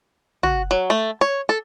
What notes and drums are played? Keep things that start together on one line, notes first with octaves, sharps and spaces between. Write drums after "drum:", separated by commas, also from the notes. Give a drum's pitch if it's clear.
F#4, drum: tom
F#3
A3
C#5
A4